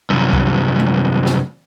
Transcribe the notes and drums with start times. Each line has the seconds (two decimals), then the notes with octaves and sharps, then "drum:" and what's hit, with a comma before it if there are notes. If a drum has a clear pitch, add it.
0.10 C2 F#2
0.33 drum: kick C2
0.80 drum: tom G#3
1.26 drum: snare